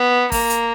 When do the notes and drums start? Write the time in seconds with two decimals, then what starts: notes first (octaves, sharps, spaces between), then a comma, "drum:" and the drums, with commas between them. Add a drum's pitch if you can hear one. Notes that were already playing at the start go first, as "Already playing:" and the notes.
Already playing: B3
0.32 A#3, drum: kick, open hi-hat
0.50 drum: hi-hat